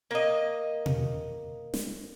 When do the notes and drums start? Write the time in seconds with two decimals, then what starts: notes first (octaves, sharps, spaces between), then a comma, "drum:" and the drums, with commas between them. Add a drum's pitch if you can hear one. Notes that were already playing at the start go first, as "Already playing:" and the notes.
0.11 A#3 D#5
0.86 drum: tom B2
1.74 drum: snare